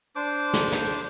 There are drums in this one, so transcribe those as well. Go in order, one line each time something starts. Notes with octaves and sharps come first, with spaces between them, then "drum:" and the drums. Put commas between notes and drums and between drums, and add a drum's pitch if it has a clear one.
D4 C5 D6
drum: snare
drum: snare